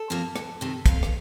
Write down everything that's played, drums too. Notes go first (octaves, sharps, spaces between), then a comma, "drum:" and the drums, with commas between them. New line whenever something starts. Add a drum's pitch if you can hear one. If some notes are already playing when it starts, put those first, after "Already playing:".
Already playing: A4
C3 F3 A#3
D2, drum: rim click
C3 D#3
F2 F5, drum: kick, hi-hat
drum: rim click